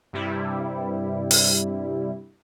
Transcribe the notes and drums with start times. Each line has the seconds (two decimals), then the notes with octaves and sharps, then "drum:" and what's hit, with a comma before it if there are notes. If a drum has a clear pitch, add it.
0.13 G2 C3 G3 E4
1.31 drum: open hi-hat